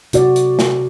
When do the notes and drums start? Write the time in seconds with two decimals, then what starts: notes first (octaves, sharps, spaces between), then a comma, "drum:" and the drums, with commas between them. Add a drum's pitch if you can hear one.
0.13 C3 F#4 D5, drum: hi-hat
0.36 drum: hi-hat
0.59 drum: snare